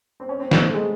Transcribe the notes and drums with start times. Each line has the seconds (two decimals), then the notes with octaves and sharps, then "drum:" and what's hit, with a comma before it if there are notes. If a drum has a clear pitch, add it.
0.20 C4
0.29 C#4
0.40 C4
0.51 B3, drum: snare
0.62 A3
0.74 G#3